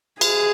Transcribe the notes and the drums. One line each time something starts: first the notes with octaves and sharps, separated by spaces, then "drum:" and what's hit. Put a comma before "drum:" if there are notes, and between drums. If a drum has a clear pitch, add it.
G#4, drum: cymbal